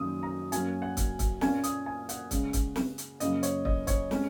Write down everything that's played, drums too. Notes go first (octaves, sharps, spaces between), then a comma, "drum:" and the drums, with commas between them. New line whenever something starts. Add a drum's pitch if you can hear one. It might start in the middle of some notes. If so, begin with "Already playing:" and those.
Already playing: F#2 D#3 F#3 A#3 D#6
A#5
F#2 F#3 A#3 C#4 G#5, drum: hi-hat
F#5
drum: kick, hi-hat
drum: kick, hi-hat
A#2 A#3 C#4 G#5, drum: snare
D#6, drum: hi-hat
G#5
F#5, drum: hi-hat
C#3 G#3 C#4, drum: kick, hi-hat
drum: kick, hi-hat
drum: snare
drum: hi-hat
F#2 C#3 A#3 D#5, drum: hi-hat
C#5, drum: hi-hat
D#5, drum: kick
C#5, drum: kick, hi-hat
G#3 C#4, drum: snare